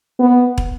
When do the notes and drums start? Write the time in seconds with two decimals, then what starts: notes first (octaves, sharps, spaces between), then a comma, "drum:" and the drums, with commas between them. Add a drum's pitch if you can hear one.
0.19 B3
0.58 drum: kick